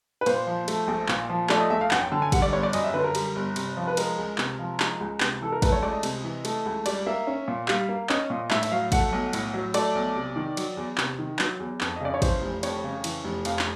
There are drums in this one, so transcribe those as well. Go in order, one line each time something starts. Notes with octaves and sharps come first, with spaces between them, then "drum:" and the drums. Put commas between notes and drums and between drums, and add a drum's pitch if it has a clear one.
B4
A#2 C5, drum: cymbal
F3
A3, drum: cymbal
A#1
A#2, drum: clap
F3
A3 D5, drum: clap
D#5
A#1 E5
F5
F#2 F#5, drum: clap
G5
D3 A5
G#5
G3 F#5, drum: kick, cymbal
D5
G1 C#5
D5
F#2 D#5, drum: cymbal
E5
D3 B4
A#4
G3, drum: cymbal
G1
C3, drum: cymbal
F3
B4
G#3 A#4, drum: cymbal
C#2
C3, drum: clap
F3
G#3, drum: clap
C#2
C3, drum: clap
E3 A4
A#4
A3 B4, drum: kick, cymbal
C#5
C#2 D5
D#5
C3, drum: cymbal
E3
A3, drum: cymbal
C#2
G3 D5, drum: cymbal
A#3 E5
C#4
A#2
G3 F5, drum: clap
A#3
C#4 D#5, drum: clap
A#2
A2 E5, drum: clap
E5, drum: cymbal
F#3 F5
A3 F#5, drum: kick, cymbal
B1
A2, drum: cymbal
F#3
A3 D5, drum: cymbal
B1
C3
D#3
F#3, drum: cymbal
E2
C3, drum: clap
D#3
F#3, drum: clap
E2
F2, drum: clap
D#5
C#3 D5
C#5
E3 C5, drum: kick, cymbal
F1
F2 C#5, drum: cymbal
C#3
E3, drum: cymbal
F1
F2 F5, drum: cymbal
drum: clap